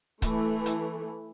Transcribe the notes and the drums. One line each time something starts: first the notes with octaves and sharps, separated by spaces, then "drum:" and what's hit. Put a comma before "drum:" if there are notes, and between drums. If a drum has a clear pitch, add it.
E3 A3, drum: kick C#1, hi-hat
drum: hi-hat